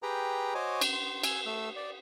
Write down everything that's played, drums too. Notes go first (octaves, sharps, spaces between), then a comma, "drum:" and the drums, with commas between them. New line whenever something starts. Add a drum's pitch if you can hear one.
G4 G#4 B4 G5 A#5
F#4 C5 C#5 D#5 G#5 D6
drum: cymbal
C6
G#5 E6, drum: cymbal
A3 E6
D5